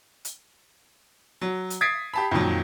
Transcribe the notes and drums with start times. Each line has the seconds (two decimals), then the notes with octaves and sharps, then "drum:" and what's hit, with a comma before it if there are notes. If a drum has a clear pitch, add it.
0.25 drum: hi-hat
1.41 F#3
1.70 drum: hi-hat
1.81 D#6 G#6 A6 B6 C7 D7
2.14 G4 A5 B5
2.31 F2 A#2 D#3 F#3
2.41 drum: tom